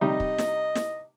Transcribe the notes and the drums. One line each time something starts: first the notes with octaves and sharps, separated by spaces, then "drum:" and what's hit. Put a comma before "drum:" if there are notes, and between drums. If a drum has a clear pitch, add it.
C3 G3 D#4 D#5
drum: kick
drum: snare
drum: snare